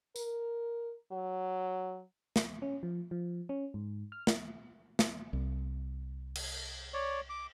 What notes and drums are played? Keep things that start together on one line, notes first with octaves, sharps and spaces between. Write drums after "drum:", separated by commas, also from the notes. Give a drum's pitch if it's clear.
A#4, drum: tambourine
F#3
drum: snare
C#4
F3
F3
C#4
G#2
F6
drum: snare
drum: snare
C2
drum: cymbal
C#5 D5
D6